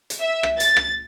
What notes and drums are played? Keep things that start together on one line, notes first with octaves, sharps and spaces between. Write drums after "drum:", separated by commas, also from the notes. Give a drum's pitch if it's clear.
drum: hi-hat
E5
drum: rim click
A6, drum: hi-hat
drum: rim click